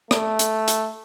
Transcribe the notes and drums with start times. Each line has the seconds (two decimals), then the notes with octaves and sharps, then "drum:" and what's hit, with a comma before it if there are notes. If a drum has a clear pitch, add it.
0.11 A3, drum: rim click
0.39 drum: hi-hat
0.68 drum: hi-hat